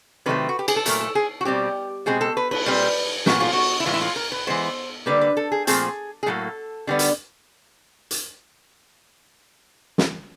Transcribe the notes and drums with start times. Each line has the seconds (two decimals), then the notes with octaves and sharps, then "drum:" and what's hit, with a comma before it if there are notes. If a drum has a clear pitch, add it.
0.26 C3 D#3 F#3 A3 C4 B4
0.49 F#4
0.59 G4
0.68 G#4, drum: cymbal
0.76 A4
0.85 A#2 F#3 A3 A#4, drum: hi-hat
1.01 A4
1.15 G#4
1.41 F#4
1.45 B2 G3 C4 G4
2.06 B2 G#3 C4 G#4
2.21 A4
2.37 B4
2.51 B4, drum: cymbal
2.66 A#2 G3 C4 B4
3.26 A#2 F#3 B3 F#4, drum: snare
3.40 F4, drum: cymbal
3.53 F#4
3.80 E4
3.86 A2 E3 G#3 F4
3.94 E4
4.01 F4
4.16 A#4
4.32 B4
4.47 E3 G#3 B3 C5
5.06 D3 G3 A#3 B4
5.21 B4
5.37 A4
5.52 G#4
5.67 A#2 F3 A3 C4 G#4, drum: hi-hat
6.23 G#4
6.26 A2 F#3 A#3 A4
6.87 D3 G3 B3
6.99 drum: hi-hat
8.11 drum: hi-hat
9.98 drum: snare